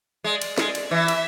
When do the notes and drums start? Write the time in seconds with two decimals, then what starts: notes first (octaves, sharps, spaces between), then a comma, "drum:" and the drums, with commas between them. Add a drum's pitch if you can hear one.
0.24 G#3 D5
0.42 drum: cymbal
0.58 G#3 D5, drum: snare
0.75 drum: cymbal
0.91 E3 E5
1.08 drum: cymbal